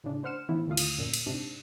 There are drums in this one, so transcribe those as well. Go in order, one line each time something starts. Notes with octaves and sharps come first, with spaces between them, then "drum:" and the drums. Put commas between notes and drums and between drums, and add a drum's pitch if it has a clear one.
A2 C#3 D4
D4 C5 F#5 F6 C#7 E7
A2 E3 B3 E4
D#2 D3 A3 F4 F5 D#6
drum: cymbal
F#2 A#2
drum: cymbal
G#2 C3 D4